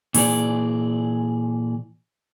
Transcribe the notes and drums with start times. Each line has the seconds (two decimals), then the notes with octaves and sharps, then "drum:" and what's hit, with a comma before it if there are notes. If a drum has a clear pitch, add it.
0.14 A#2 E3 G#4 D5, drum: open hi-hat